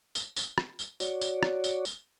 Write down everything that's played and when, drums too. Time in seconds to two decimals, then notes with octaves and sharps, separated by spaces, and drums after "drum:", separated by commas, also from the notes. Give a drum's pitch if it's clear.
0.15 drum: tambourine
0.36 drum: tambourine
0.58 drum: rim click
0.79 drum: tambourine
1.00 F#4 C#5 D5, drum: tambourine
1.21 drum: tambourine
1.43 drum: rim click
1.64 drum: tambourine
1.85 drum: tambourine